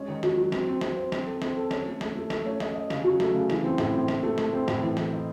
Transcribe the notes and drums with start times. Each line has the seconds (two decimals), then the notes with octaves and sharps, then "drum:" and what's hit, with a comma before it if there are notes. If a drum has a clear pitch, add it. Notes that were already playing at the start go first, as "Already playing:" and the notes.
Already playing: G#3 C#4
0.08 D#3
0.23 F#3, drum: snare
0.37 F#3
0.52 C4, drum: snare
0.67 C4
0.81 C4, drum: snare
0.97 C5
1.12 C4, drum: snare
1.26 A4
1.42 C4, drum: snare
1.57 A4
1.71 C#4, drum: snare
1.86 A3
2.01 A3, drum: snare
2.15 A3
2.30 A3, drum: snare
2.46 C#4
2.60 D#5, drum: snare
2.75 D#5
2.90 C#3, drum: snare
3.04 F#3
3.20 A3, drum: snare
3.34 C#3
3.50 E3, drum: snare
3.64 C4
3.78 A2, drum: snare
3.94 C4
4.08 A3, drum: snare
4.23 A3
4.38 A3, drum: snare
4.53 C4
4.68 A2, drum: snare
4.82 E3
4.97 E3, drum: snare
5.13 D#4